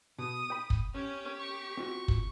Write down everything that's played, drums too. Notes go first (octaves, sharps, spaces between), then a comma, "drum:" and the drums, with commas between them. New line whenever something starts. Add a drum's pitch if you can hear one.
B2 D#6
G5 B5
drum: kick
C#4 G4
C#6
C4 F4 F#4
drum: kick